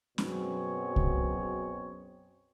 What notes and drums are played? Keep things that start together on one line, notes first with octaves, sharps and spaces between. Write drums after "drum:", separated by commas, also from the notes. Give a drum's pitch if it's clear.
F#2 B2 F#3 C4 G#4 C#5, drum: snare
drum: kick C2